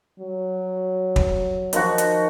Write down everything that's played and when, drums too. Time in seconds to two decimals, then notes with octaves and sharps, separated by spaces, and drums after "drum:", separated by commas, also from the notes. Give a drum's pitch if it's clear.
0.20 F#3
1.16 drum: kick
1.73 D#3 F3 F#4, drum: hi-hat
1.98 drum: hi-hat